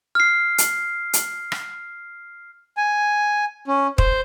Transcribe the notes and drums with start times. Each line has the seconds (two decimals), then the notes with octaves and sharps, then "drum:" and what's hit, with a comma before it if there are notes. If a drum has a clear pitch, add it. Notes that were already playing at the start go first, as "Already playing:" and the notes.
0.15 F6 C7
0.58 drum: hi-hat
1.13 drum: hi-hat
1.52 drum: rim click
2.77 G#5
3.68 C#4
3.98 C5, drum: kick